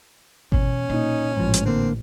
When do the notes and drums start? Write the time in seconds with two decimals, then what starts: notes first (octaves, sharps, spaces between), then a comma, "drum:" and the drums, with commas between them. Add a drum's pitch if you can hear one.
0.52 E2 B2 C#4, drum: kick G#1
0.89 A#2 D#4
1.37 A1 G#2 F3
1.54 drum: hi-hat
1.65 D3 A#3 C4